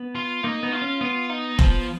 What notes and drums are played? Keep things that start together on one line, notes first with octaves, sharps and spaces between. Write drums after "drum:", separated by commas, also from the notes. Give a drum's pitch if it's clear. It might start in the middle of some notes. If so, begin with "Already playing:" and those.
Already playing: B3
F4
A#3 D#4
B3
F4
C#4
B3 F4
D#4
F3, drum: kick